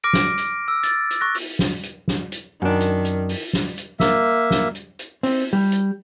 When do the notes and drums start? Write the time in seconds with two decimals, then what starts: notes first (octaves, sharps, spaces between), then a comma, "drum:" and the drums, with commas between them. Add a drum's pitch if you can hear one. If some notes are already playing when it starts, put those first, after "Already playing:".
0.04 D6 F6 A#6 D7
0.13 drum: snare
0.38 drum: hi-hat
0.68 E6
0.83 A6, drum: hi-hat
1.11 drum: hi-hat
1.21 C#6 F#6 A#6
1.35 drum: open hi-hat
1.59 drum: snare
1.83 drum: hi-hat
2.08 drum: snare
2.32 drum: hi-hat
2.62 F#2 D#3 D4
2.81 drum: hi-hat
3.05 drum: hi-hat
3.29 drum: open hi-hat
3.53 drum: snare
3.78 drum: hi-hat
4.00 A#3 E5, drum: snare
4.51 drum: snare
4.75 drum: hi-hat
4.99 drum: hi-hat
5.23 C4, drum: open hi-hat
5.53 G3
5.72 drum: hi-hat